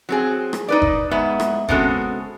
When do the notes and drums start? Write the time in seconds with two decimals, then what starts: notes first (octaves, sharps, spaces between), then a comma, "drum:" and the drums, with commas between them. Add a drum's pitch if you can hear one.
0.09 F#3 C4 G#4
0.53 drum: rim click
0.68 D#4 B4 D5
0.82 drum: kick F#1
1.11 G#2 B3 B4 E5
1.40 drum: rim click
1.69 C3 G#3 B3 C#4 F#4 A4, drum: kick F#1